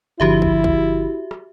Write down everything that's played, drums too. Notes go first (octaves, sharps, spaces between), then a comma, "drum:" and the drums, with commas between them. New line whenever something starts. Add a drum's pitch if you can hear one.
G1 D3 F3 E4 F#4 G4 E5
drum: kick
drum: kick
drum: rim click